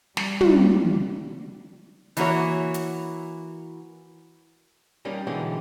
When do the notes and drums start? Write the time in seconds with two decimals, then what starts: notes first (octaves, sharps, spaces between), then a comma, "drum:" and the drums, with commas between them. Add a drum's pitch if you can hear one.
0.17 G3, drum: snare
0.41 drum: tom
2.17 E3 A#3 F#4 C#5, drum: hi-hat
2.74 drum: hi-hat
5.05 G3 A#3 C#4 D#4 G4
5.27 B2 D3 E3 F#3 G#3 G4